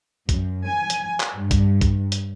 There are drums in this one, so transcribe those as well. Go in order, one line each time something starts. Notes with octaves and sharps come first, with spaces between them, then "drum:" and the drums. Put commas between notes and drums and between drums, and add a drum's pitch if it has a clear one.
F#2, drum: kick B1, hi-hat
G#5
drum: hi-hat
drum: clap
G2
drum: kick B1, hi-hat
drum: kick B1, hi-hat
drum: hi-hat